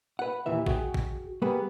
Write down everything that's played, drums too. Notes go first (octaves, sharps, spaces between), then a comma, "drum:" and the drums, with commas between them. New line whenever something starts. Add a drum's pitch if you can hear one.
B4 F#5
D#2 A#2 E3 E5
F#4 G#4 G5, drum: kick G#1
drum: kick G#1
G3 A#3 B3 G#4 B4